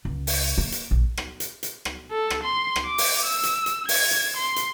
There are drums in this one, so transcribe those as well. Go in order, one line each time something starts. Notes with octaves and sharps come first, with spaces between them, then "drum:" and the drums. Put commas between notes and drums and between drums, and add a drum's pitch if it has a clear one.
C#2
drum: open hi-hat
A#3
drum: hi-hat
A#1
drum: rim click
drum: hi-hat
drum: hi-hat
drum: rim click
A4
drum: rim click
C6
drum: rim click
D6
drum: open hi-hat
E6
drum: hi-hat
drum: hi-hat
G#6, drum: open hi-hat
drum: hi-hat
C6
drum: hi-hat